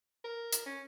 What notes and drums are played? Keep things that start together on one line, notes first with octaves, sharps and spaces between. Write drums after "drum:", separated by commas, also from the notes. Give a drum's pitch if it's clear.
A#4
drum: hi-hat
C#4